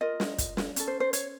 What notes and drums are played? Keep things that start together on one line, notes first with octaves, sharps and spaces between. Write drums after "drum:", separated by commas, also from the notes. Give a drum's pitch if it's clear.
F4 A#4 D#5
drum: snare
drum: kick, hi-hat
drum: snare
C#4 A4, drum: hi-hat
C5
C5
C#5, drum: hi-hat